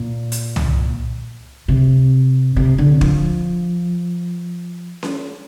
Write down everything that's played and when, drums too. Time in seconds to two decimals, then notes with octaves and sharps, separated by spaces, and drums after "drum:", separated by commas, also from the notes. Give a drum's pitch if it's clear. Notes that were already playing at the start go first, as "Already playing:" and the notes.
Already playing: A#2
0.32 drum: hi-hat
0.56 drum: tom
1.68 C3
2.56 C3
2.78 D3
3.01 F3, drum: kick
5.03 drum: snare C#4